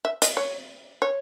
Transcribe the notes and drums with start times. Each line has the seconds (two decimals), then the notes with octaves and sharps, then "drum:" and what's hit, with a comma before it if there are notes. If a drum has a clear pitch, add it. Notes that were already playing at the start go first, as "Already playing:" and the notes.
0.05 E5
0.22 D#5, drum: hi-hat
0.37 C#5
1.02 C#5